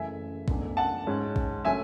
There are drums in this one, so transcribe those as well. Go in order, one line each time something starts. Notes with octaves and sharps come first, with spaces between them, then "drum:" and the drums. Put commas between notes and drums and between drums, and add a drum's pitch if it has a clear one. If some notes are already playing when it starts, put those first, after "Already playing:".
Already playing: F#1 F#2 C#3 E3 A3 E5 G#5
F#1 E2 D3 A3, drum: kick A#1
F#5 A5
G#2 G#3 C#4
drum: kick A#1
D3 F#3 A3 C#4 E5 G#5